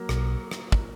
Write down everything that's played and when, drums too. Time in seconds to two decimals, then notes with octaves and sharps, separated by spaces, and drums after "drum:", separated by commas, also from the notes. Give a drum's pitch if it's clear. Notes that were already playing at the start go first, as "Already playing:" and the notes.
Already playing: F#3 A#3
0.09 B1, drum: rim click
0.51 drum: rim click
0.72 drum: kick